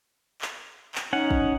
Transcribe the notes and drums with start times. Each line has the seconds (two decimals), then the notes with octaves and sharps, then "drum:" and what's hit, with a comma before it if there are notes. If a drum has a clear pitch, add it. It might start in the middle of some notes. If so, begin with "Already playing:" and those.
0.42 drum: clap
0.95 drum: clap
1.13 C#4 D#4 F#5
1.31 drum: kick